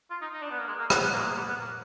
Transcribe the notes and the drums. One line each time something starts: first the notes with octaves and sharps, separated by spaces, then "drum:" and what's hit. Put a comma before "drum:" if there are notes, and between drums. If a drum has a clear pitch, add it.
F4
D#4
D#4
D4
B3
A#3
G#3
A#3
B3, drum: rim click
B3
A#3
G#3
A#3
B3
B3
A#3